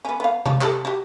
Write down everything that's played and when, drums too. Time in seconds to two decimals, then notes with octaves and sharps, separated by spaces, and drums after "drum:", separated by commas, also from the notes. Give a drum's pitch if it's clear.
0.05 B3 C#4
0.20 B3 F5
0.46 F3 C#5, drum: tom C3
0.61 G4 A4, drum: clap
0.85 F#4 G4